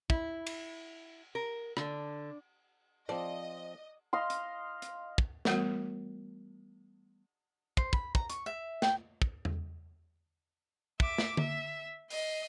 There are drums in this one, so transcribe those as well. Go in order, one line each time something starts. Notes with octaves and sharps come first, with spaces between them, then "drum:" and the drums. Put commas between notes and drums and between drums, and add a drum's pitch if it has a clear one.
E4, drum: kick
drum: cymbal
A#4
D3, drum: rim click
F3 C4 G#4 D5 D#5 F5 A5
D#5 F5 C6
drum: hi-hat
drum: hi-hat
drum: kick
E3 G3 A3 B3 F#4 A#4, drum: snare
C5, drum: kick
B5, drum: kick
A#5, drum: kick
C#6, drum: hi-hat
E5
G5, drum: snare
drum: kick
drum: tom E2
E5 D6, drum: kick
drum: snare
E5, drum: tom D3
D#5 C7, drum: open hi-hat